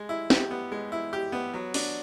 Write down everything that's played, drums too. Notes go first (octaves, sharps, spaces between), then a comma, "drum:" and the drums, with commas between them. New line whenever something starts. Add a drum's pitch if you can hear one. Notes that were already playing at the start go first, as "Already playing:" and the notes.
Already playing: G#3
E4
G4, drum: snare
B3
G#3
E4
G4
B3
F#3
D4, drum: open hi-hat